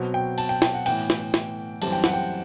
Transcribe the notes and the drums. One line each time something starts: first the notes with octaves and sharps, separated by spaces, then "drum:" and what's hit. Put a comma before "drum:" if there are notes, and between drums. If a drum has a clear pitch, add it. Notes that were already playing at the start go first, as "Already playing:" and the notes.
Already playing: B2 F#3 C4
G5
A5, drum: cymbal
G5
G5, drum: snare
F#5
A2 E3 B3 G5, drum: cymbal
drum: snare
drum: snare
F#2 E3 G3 C4 A5, drum: cymbal
G5
F#5, drum: snare
G5